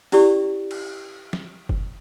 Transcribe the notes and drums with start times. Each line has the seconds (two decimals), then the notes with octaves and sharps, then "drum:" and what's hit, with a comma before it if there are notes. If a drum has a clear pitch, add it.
0.12 C#4 E4 G4 D5 C#6, drum: open hi-hat
0.71 drum: cymbal
1.33 drum: snare
1.69 drum: kick F#1